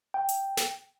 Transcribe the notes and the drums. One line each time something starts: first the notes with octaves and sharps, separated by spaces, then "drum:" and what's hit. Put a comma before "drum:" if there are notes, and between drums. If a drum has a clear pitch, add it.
G5
drum: hi-hat
drum: snare